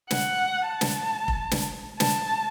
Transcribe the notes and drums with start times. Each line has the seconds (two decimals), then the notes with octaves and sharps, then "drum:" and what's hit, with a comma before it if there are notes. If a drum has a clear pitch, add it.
0.11 F#5, drum: snare
0.67 A5
0.81 drum: snare
1.28 drum: kick F1
1.51 drum: snare
2.00 A5, drum: snare